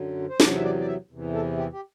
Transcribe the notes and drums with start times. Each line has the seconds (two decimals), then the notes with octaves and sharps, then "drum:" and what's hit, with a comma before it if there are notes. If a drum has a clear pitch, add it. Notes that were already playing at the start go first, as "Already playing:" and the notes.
Already playing: F#2 D3 F#3
0.30 C5
0.40 E2 C3 F#3 D5, drum: snare
0.56 E5
0.64 D5
0.79 D5
0.87 E5
1.11 E2 C3 E3
1.34 A4
1.57 G4
1.73 G4